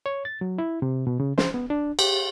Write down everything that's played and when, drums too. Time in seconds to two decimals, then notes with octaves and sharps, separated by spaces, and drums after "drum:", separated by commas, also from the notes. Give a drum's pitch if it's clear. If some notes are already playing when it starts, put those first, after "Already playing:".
0.06 C#5
0.25 A6
0.41 F#3
0.58 E4
0.82 C3
1.07 B2
1.20 C#3
1.38 C5, drum: snare
1.54 B3
1.70 D4
1.99 G4, drum: cymbal